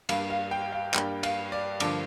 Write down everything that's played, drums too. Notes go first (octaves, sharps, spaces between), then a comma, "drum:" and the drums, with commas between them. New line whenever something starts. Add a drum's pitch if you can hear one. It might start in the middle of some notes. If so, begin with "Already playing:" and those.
G2 G3 A#3 F5, drum: cymbal
F5
G5
F5
G2 G3 A#3 G5, drum: clap
F5, drum: cymbal
D5
G2 D3 F3 A#3 D6, drum: cymbal